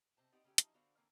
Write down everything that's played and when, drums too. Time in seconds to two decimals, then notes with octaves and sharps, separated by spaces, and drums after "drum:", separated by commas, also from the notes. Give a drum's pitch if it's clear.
0.17 C3 C5 A5
0.32 B3 C4 D#4 G4 D5
0.44 C#3 A3 C#4 G4 A4
0.58 F3 C#4 D#4 E4, drum: hi-hat
0.74 D3 B3 F#4 C5 D5 F5
0.97 D3 E3 A#3 C4